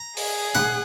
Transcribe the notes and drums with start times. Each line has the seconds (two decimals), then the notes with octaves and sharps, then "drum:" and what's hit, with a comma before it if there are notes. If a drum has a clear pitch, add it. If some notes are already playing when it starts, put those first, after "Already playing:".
Already playing: A#5
0.17 G#4, drum: open hi-hat
0.55 F#5, drum: tom A#2